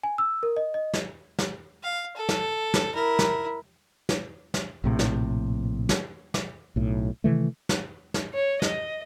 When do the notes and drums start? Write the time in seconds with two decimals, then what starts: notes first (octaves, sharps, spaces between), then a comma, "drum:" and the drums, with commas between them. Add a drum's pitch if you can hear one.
0.03 G#5
0.18 E6
0.43 A#4
0.57 D#5
0.74 D#5
0.93 drum: snare
1.39 drum: snare
1.83 F5
2.16 A4
2.29 drum: snare
2.74 drum: snare
2.94 E4 A#4
3.19 drum: snare
4.09 drum: snare
4.54 drum: snare
4.84 A#1 A2 C3
4.99 drum: snare
5.89 drum: snare
6.34 drum: snare
6.76 B1 A2
7.24 C3 D#3 E3 A3
7.69 drum: snare
8.14 drum: snare
8.33 C#5
8.62 D#5, drum: snare